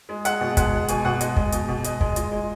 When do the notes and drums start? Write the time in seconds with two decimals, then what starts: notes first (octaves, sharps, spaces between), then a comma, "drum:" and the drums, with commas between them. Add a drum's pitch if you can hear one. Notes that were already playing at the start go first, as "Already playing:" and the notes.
0.09 G#3
0.25 G#3 F#5, drum: hi-hat
0.41 B2
0.57 G#3 F#5, drum: kick, hi-hat
0.73 G#3
0.88 B2 G#5, drum: hi-hat
1.05 B2 F#5
1.21 G#3 D#5, drum: hi-hat
1.36 G#3, drum: kick
1.52 B2, drum: hi-hat
1.68 B2
1.84 G#3 D#5, drum: hi-hat
2.01 G#3, drum: kick
2.16 A#2 D#5, drum: hi-hat
2.32 G#3